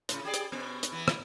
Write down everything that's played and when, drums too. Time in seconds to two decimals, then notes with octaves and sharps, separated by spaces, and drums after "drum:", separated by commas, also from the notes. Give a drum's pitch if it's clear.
0.09 A2 C#3, drum: hi-hat
0.25 G4 G#4 D5
0.34 drum: hi-hat
0.52 B2 B3
0.83 drum: hi-hat
0.92 E3 B3
1.08 drum: rim click